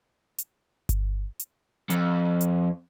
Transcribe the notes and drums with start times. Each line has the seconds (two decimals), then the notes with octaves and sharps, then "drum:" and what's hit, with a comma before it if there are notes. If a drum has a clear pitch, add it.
0.38 drum: hi-hat
0.89 drum: kick G1, hi-hat
1.40 drum: hi-hat
1.90 F2, drum: hi-hat
2.41 drum: hi-hat